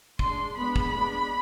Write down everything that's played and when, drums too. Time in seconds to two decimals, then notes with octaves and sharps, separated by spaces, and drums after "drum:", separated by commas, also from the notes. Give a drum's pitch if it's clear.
0.19 G#3 D4 C6, drum: kick
0.57 G#3 B3 D4 B5
0.76 drum: kick
0.94 G#3 B3 D4